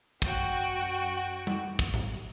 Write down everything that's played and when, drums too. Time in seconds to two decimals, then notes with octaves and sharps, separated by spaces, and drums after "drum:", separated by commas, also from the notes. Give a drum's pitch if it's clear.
0.22 F#2 F#4 G5, drum: kick
1.47 drum: tom G3
1.79 drum: kick
1.94 drum: tom A2